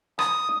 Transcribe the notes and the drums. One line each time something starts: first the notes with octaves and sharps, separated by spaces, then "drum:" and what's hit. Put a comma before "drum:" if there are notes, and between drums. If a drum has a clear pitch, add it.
D#6, drum: rim click